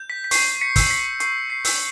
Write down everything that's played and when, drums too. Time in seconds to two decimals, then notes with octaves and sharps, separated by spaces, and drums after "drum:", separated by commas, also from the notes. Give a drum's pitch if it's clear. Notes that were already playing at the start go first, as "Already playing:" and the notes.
Already playing: G6
0.10 B6
0.24 B6
0.31 C#6 C7, drum: open hi-hat
0.61 B6 C#7
0.76 E6 G6, drum: kick, open hi-hat
0.90 B6
1.20 C#6 C7, drum: hi-hat
1.50 C7
1.65 E6 G6, drum: open hi-hat